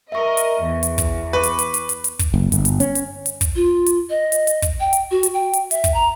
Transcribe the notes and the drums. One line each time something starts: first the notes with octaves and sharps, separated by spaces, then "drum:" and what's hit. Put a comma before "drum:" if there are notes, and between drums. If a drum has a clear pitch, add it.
A#4 D#5 E5 C#6
drum: hi-hat
E2
drum: hi-hat
drum: kick, hi-hat
B4 C#6 D6
drum: hi-hat
drum: hi-hat
drum: hi-hat
drum: hi-hat
drum: hi-hat
drum: kick, hi-hat
F#1
G1, drum: hi-hat
drum: hi-hat
C#4, drum: hi-hat
drum: hi-hat
drum: hi-hat
drum: kick, hi-hat
F4
drum: hi-hat
D#5
drum: hi-hat
drum: hi-hat
drum: kick, hi-hat
G5
drum: hi-hat
F#4
drum: hi-hat
G5
drum: hi-hat
E5, drum: hi-hat
drum: kick, hi-hat
A#5